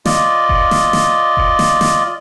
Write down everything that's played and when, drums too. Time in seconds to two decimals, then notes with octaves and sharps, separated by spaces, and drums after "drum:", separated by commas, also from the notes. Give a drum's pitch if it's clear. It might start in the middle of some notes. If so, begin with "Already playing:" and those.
0.05 F4 D5 D#5, drum: snare
0.49 drum: kick F1
0.71 drum: snare
0.93 drum: snare
1.37 drum: kick F1
1.59 drum: snare
1.81 drum: snare